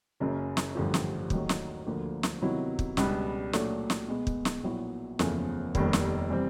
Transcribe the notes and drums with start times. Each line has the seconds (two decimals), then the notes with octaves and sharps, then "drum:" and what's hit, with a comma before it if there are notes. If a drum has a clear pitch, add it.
0.20 F#1 F#2 C#3
0.57 drum: snare
0.75 A1 G2 D3 F3
0.94 drum: snare
1.30 D#2 D#3 F#3 A3, drum: kick
1.49 drum: snare
1.86 D2 D3 F3 A#3
2.23 drum: snare
2.41 C3 D#3 F#3 B3 E4
2.79 drum: kick
2.97 C#2 B2 G3 B3 D4, drum: snare
3.53 A#2 F#3 A3 D4, drum: snare
3.90 drum: snare
4.08 B2 G#3 B3
4.27 drum: kick
4.45 drum: snare
4.63 A#1 A#2 F#3 B3 E4
5.19 F#1 E2 C#3 F3 A3, drum: snare
5.75 F1 D#2 D#3 G3 B3, drum: kick
5.93 drum: snare
6.30 C3 E3 G3 C4